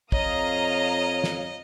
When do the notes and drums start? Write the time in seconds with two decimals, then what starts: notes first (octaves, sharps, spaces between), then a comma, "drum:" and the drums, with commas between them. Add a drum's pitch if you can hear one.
0.12 F2 C#5 D#5 F5 A#5 D#6, drum: kick
1.24 drum: snare